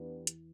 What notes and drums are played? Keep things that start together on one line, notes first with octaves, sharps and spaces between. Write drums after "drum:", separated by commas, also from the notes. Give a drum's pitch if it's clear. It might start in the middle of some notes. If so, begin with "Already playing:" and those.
Already playing: E2 E3 B3 D4 G4 B4
drum: hi-hat